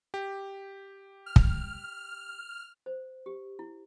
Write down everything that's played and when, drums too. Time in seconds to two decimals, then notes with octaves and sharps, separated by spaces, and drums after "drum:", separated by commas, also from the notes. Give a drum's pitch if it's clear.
0.14 G4
1.26 F6
1.36 drum: kick
2.86 C5
3.26 G4
3.59 E4